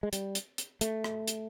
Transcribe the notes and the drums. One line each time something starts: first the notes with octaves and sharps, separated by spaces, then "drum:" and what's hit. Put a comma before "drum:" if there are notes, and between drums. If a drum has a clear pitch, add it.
G#3
G3, drum: hi-hat
drum: hi-hat
drum: hi-hat
A3, drum: hi-hat
drum: rim click
drum: hi-hat